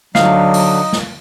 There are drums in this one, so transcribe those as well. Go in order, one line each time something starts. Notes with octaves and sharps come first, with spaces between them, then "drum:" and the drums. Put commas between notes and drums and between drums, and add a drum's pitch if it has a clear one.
D3 F#3 D#4 D#5 F5, drum: snare
drum: open hi-hat
drum: snare